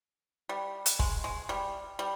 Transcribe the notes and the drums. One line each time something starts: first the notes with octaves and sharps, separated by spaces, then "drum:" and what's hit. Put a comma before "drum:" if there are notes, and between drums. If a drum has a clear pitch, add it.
G3
drum: hi-hat
G#3, drum: kick
G#3
G3
G3